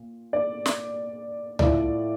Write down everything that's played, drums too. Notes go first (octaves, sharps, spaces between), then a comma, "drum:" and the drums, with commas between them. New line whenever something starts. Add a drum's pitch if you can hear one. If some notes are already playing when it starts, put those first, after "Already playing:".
Already playing: A#2
D5
drum: snare
A2 F3 A3 D5, drum: tom C#2